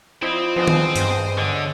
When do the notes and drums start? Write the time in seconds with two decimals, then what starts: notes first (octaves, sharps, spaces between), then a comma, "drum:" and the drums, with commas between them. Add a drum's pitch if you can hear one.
0.22 F3 C4 E4 D5 D#5
0.56 F3 B3 D4 G#4 C5 D#5
0.68 drum: tom D#3
0.96 G2, drum: hi-hat
1.38 D3 G#3 C#5 D6